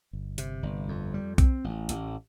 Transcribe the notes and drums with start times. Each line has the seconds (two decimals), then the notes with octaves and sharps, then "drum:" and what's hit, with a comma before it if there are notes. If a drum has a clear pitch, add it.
0.13 G1
0.38 C3, drum: hi-hat
0.63 G1
0.88 F2
1.14 G3
1.38 C4, drum: kick B1, hi-hat
1.64 A1
1.89 A1, drum: hi-hat